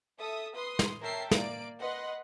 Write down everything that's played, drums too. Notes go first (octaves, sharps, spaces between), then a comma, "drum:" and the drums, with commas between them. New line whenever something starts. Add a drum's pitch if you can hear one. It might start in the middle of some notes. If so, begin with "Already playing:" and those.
A4 E5 D#6
B4 C6 D#6
drum: snare
A#4 C#5 E5 G5 A5 C7
A#3 D5 D7, drum: snare
B4 D#5 F#5 C6